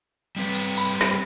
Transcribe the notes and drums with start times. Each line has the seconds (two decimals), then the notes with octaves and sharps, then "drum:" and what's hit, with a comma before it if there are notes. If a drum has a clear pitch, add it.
0.36 G3 C4 B4
0.54 drum: tambourine
0.77 B5, drum: tambourine
1.01 drum: snare